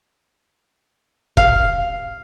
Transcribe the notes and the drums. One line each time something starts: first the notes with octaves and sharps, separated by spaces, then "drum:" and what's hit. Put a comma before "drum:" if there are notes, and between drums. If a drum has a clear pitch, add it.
F5, drum: kick